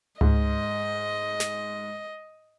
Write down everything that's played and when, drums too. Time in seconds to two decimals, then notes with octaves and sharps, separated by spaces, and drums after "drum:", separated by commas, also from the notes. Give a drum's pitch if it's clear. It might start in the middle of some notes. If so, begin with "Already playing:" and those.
0.21 G#2 D#5, drum: tom C#2
1.40 drum: snare